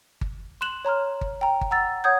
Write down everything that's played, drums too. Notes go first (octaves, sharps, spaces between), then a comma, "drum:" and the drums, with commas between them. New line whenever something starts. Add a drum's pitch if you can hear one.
drum: kick G1
C6 F#6 E7 F#7
C#5 A#5 C6 F6
drum: kick G1
G5 A#5
drum: kick G1
F#5 A#5 E6 A6
C#5 F#5 D#6 G6 G#6